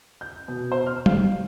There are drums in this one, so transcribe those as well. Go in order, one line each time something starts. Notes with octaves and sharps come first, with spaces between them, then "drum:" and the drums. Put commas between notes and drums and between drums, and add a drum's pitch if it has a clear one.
G6
B2
C5
F6
F5, drum: tom